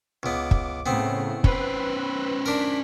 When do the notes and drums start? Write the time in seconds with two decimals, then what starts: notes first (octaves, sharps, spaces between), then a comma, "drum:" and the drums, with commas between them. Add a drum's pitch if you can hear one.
0.23 C#2 B3 D6
0.51 drum: kick
0.86 A2 C#3 B3 C4
1.44 C#4 B4 C5, drum: kick
2.46 D4 A#4 B6